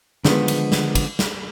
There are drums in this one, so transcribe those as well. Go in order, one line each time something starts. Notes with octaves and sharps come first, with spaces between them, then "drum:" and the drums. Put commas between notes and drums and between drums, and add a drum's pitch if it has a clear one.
D3 D#3 F3 G#3 B3, drum: snare
drum: cymbal
drum: snare
drum: kick, cymbal
drum: snare